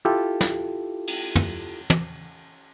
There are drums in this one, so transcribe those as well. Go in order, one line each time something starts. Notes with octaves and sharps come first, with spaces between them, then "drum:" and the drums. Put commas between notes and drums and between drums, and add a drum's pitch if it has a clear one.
E4 F4 G4 A4
drum: snare
drum: cymbal
drum: tom
drum: tom